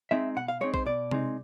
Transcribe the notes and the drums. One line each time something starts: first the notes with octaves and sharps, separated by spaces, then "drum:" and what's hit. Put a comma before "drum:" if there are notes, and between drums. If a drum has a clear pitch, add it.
G#3 C4 D#4 E5
B2 F#5
F5
G#3 C4 D#4 C#5
C5, drum: kick A#1
B2 D5
G#3 C4 D#4, drum: tom C3